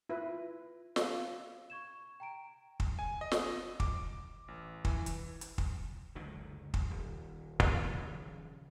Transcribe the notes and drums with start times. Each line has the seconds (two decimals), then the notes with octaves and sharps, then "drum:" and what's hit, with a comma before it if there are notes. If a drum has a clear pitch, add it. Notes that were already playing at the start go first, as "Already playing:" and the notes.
0.09 E4 F4 B4
0.96 F5 E6, drum: snare
1.70 C#6 G#6 E7
2.20 G5 A#5 D7
2.80 drum: kick
2.99 G#5
3.21 D#5
3.32 drum: snare
3.80 D6, drum: kick
4.48 A1
4.85 E3, drum: kick
5.06 drum: hi-hat
5.41 drum: hi-hat
5.58 drum: kick
6.15 F#1 C#2 D3 D#3
6.74 drum: kick
6.90 D#1
7.60 F#2 A2 E3 F#3, drum: kick
7.95 D#1 C#3 F3